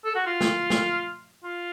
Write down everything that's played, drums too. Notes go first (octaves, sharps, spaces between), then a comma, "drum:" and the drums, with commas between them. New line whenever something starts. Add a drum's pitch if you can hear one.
A4
F#4
F4
drum: snare
drum: snare
F4